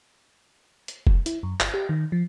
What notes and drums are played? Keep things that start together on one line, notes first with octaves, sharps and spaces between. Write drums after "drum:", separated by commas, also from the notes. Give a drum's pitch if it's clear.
drum: hi-hat
drum: kick F1
E4, drum: hi-hat
F#2
G1, drum: clap
G4
D#3
F3